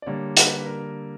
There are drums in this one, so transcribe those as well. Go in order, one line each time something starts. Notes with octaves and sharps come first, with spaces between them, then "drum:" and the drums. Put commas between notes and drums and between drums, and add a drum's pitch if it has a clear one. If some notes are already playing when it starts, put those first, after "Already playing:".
D5
D3 G3 A#3 C#5
B4, drum: hi-hat
A#4